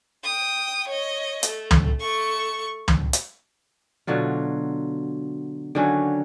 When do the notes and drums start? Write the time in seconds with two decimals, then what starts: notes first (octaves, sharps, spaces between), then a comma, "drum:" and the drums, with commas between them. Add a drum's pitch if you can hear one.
0.24 G5 D#6
0.88 C#5 D#5
1.43 A3, drum: hi-hat
1.71 drum: tom
2.00 A3 C#6
2.88 drum: tom
3.13 drum: hi-hat
4.07 B2 D3 F#3 F4
5.75 D3 D#3 F#3 C#4